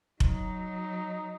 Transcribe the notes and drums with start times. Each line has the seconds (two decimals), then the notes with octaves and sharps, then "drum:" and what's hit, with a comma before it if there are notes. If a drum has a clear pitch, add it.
0.20 F#3 D#4, drum: kick F1